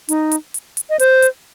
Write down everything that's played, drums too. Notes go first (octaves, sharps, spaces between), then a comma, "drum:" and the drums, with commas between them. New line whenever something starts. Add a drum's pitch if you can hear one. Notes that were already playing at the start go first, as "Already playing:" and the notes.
D#4, drum: hi-hat
drum: hi-hat
drum: hi-hat
drum: hi-hat
D#5
C5, drum: hi-hat
drum: hi-hat